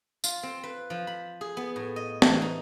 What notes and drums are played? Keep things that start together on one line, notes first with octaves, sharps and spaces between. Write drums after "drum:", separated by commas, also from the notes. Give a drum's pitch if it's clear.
F4, drum: tambourine
C4
B4
F3
B5
G#4
B3
A2
D#5
E3, drum: snare
D#4